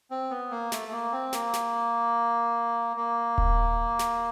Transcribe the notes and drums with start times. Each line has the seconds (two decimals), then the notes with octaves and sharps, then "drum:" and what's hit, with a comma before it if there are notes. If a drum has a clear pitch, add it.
0.10 C4
0.31 B3
0.51 A#3
0.72 A3, drum: snare
0.92 A#3
1.12 C4
1.33 A#3, drum: snare
1.54 drum: snare
2.97 A#3
3.38 drum: kick D#1
3.99 drum: snare